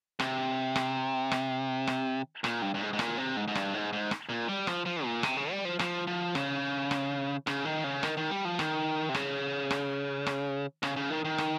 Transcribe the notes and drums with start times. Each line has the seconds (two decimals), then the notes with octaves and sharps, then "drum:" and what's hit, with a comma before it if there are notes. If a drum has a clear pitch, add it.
0.20 C3, drum: rim click
0.76 drum: rim click
1.31 drum: rim click
1.87 drum: rim click
2.44 A#2, drum: rim click
2.62 G2
2.74 G2
2.81 G#2
2.93 G#2
2.99 A#2, drum: rim click
3.18 C3
3.37 G#2
3.48 G#2
3.55 G2, drum: rim click
3.74 G#2
3.93 G#2
4.11 drum: rim click
4.29 A#2
4.49 G3
4.67 F3, drum: rim click
4.86 F3
5.04 A#2
5.23 C3, drum: rim click
5.37 C#3
5.51 G3
5.65 F3
5.79 F3, drum: rim click
6.07 F3
6.35 C#3, drum: rim click
6.91 drum: rim click
7.47 C#3, drum: rim click
7.65 D#3
7.84 C#3
8.03 D#3, drum: rim click
8.17 D#3
8.31 G3
8.45 F3
8.59 D#3, drum: rim click
9.09 C3
9.15 C#3, drum: rim click
9.71 drum: rim click
10.26 drum: rim click
10.83 C#3, drum: rim click
10.96 C#3
11.10 D#3
11.25 D#3
11.38 drum: rim click